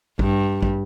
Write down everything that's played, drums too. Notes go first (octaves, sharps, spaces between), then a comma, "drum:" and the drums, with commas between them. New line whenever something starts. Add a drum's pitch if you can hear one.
G2, drum: kick
drum: kick